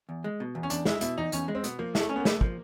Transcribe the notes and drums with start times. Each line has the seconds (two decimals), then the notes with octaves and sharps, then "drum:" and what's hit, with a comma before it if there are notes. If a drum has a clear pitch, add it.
0.09 E2
0.24 G#3
0.40 B2
0.55 E2
0.63 C#4
0.70 E2 D4, drum: hi-hat
0.85 G#3 E4, drum: snare
1.01 B2 E4, drum: hi-hat
1.17 E2 D#4
1.32 E2 C#4, drum: hi-hat
1.48 G#3
1.55 C4
1.64 B2 B3, drum: hi-hat
1.79 F3 A#3
1.95 E4, drum: snare
2.00 A3
2.09 C#4
2.16 B3
2.20 A#3
2.25 A3, drum: snare
2.41 F3, drum: kick